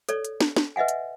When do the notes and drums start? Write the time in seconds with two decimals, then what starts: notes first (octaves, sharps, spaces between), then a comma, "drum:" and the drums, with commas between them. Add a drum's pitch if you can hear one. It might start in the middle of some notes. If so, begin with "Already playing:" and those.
0.09 A4 C#5 D5, drum: hi-hat
0.25 drum: hi-hat
0.41 drum: snare
0.56 drum: snare
0.76 B4 D#5 E5 F#5 G#5
0.88 drum: hi-hat